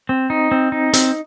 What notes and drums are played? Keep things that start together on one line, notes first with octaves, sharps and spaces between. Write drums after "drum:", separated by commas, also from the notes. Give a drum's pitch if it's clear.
C4
D#4
C4
D#4
C4, drum: hi-hat